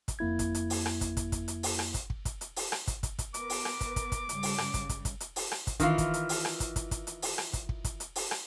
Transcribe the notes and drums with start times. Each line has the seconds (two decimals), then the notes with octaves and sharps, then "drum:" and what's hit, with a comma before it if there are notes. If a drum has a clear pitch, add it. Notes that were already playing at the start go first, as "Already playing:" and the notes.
0.08 drum: kick, hi-hat
0.19 F2 A#3 E4 G#6
0.39 drum: kick, hi-hat
0.54 drum: hi-hat
0.70 drum: open hi-hat
0.86 drum: rim click
1.01 drum: kick, hi-hat
1.17 drum: kick, hi-hat
1.32 drum: kick, hi-hat
1.48 drum: hi-hat
1.63 drum: open hi-hat
1.79 drum: rim click
1.94 drum: kick, hi-hat
2.10 drum: kick
2.25 drum: kick, hi-hat
2.41 drum: hi-hat
2.56 drum: open hi-hat
2.72 drum: rim click
2.87 drum: kick, hi-hat
3.03 drum: kick, hi-hat
3.19 drum: kick, hi-hat
3.34 B3 A#4 B4 D6, drum: hi-hat
3.50 drum: open hi-hat
3.65 drum: rim click
3.81 drum: kick, hi-hat
3.96 drum: kick, hi-hat
4.12 drum: kick, hi-hat
4.29 G2 C#3 G3, drum: hi-hat
4.43 drum: open hi-hat
4.58 drum: rim click
4.74 drum: kick, hi-hat
4.89 drum: kick, hi-hat
5.05 drum: kick, hi-hat
5.20 drum: hi-hat
5.36 drum: open hi-hat
5.51 drum: rim click
5.67 drum: kick, hi-hat
5.80 D#3 E3 F4, drum: kick, hi-hat
5.98 drum: kick, hi-hat
6.14 drum: hi-hat
6.29 drum: open hi-hat
6.45 drum: rim click
6.60 drum: kick, hi-hat
6.76 drum: kick, hi-hat
6.91 drum: kick, hi-hat
7.07 drum: hi-hat
7.22 drum: open hi-hat
7.38 drum: rim click
7.53 drum: kick, hi-hat
7.69 drum: kick
7.84 drum: kick, hi-hat
8.00 drum: hi-hat
8.16 drum: open hi-hat
8.31 drum: rim click